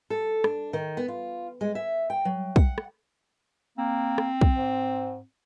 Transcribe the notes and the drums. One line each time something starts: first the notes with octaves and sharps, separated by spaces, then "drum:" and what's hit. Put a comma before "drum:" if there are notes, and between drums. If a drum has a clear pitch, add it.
A4
D4, drum: rim click
D#3
B3
F4
G#3
E5
G5
F#3
F#5, drum: kick
drum: rim click
A#3 C4
drum: rim click
drum: kick
G#2